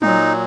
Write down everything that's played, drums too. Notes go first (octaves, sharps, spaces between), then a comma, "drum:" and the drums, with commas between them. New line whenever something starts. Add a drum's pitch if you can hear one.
A#2 F#3 D#4, drum: tom F#3